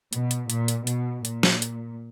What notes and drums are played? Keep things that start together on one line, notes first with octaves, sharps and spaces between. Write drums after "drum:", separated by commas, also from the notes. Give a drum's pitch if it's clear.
B2, drum: hi-hat
drum: hi-hat
A#2, drum: hi-hat
drum: hi-hat
B2, drum: hi-hat
A#2, drum: hi-hat
drum: snare
drum: hi-hat